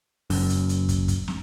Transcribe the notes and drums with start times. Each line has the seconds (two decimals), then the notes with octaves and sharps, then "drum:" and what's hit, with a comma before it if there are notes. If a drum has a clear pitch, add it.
0.30 F#1 F#2, drum: open hi-hat
0.50 drum: hi-hat
0.69 drum: hi-hat
0.89 drum: kick, hi-hat
1.08 drum: kick, hi-hat
1.28 drum: snare